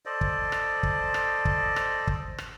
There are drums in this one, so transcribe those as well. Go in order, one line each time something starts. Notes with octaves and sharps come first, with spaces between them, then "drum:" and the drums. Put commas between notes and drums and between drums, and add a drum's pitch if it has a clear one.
A4 C5 D5 D#5
drum: kick
drum: rim click
drum: kick
drum: rim click
drum: kick
drum: rim click
drum: kick
drum: rim click